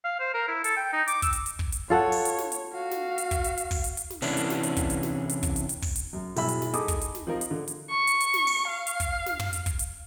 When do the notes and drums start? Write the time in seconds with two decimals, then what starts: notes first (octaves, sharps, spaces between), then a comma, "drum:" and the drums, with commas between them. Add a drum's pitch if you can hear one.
0.04 F5
0.20 C5
0.34 A#4
0.48 E4
0.64 A4, drum: hi-hat
0.77 G5
0.93 D#4
1.08 D6, drum: hi-hat
1.22 E6, drum: kick, hi-hat
1.33 drum: hi-hat
1.46 drum: hi-hat
1.59 drum: kick
1.72 drum: hi-hat
1.90 F4 A4 C#5 F#5
2.12 drum: open hi-hat
2.25 drum: hi-hat
2.38 drum: snare
2.52 drum: hi-hat
2.73 F#4 F5
2.91 drum: snare
3.18 drum: hi-hat
3.31 drum: kick, hi-hat
3.44 drum: hi-hat
3.57 drum: hi-hat
3.71 drum: kick, open hi-hat
3.84 drum: hi-hat
3.97 drum: hi-hat
4.10 drum: snare
4.22 C3 E3 C#4 D4 E4, drum: open hi-hat
4.37 drum: hi-hat
4.50 drum: snare
4.63 drum: hi-hat
4.77 drum: kick, hi-hat
4.90 drum: hi-hat
5.03 drum: snare
5.29 drum: hi-hat
5.43 drum: kick, hi-hat
5.56 drum: hi-hat
5.69 drum: hi-hat
5.82 drum: kick, open hi-hat
5.96 drum: hi-hat
6.13 F#2
6.36 E1 G2 E3 F#3 E5 B5, drum: open hi-hat
6.48 drum: hi-hat
6.62 drum: snare
6.74 D#4 G#4 A4 B5 D6 D#6, drum: hi-hat
6.88 drum: kick, hi-hat
7.01 drum: hi-hat
7.15 drum: snare
7.27 F3 C4 D#4 F4 A#4
7.41 drum: hi-hat
7.51 D3
7.68 drum: hi-hat
7.90 C#6
8.07 drum: hi-hat
8.20 drum: hi-hat
8.34 drum: snare
8.47 drum: open hi-hat
8.67 F5
8.87 drum: hi-hat
9.00 drum: kick, hi-hat
9.26 drum: snare
9.40 drum: tom
9.53 drum: hi-hat
9.66 drum: kick, hi-hat
9.79 drum: hi-hat